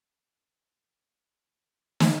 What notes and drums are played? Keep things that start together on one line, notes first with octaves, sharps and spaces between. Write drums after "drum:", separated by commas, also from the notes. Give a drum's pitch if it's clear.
F#4
D#4 G#4 A4
D#1 C5 B5
drum: snare